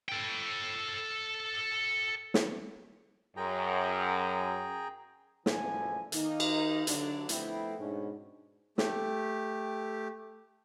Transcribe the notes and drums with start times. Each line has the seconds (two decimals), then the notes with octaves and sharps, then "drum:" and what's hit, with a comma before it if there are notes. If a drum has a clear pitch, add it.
0.09 A4 G5
2.34 drum: snare
3.37 F#2 G#4 G5 A#5
5.46 F#1 A2 D3 E3 F3 G#5, drum: snare
6.12 D#3 A#3 D#4, drum: hi-hat
6.40 drum: cymbal
6.87 D3 F#3 D4, drum: hi-hat
7.29 F2 A3 B3 C4 E4, drum: hi-hat
7.79 G#2 B2 C#4 D4
8.78 A3 G4, drum: snare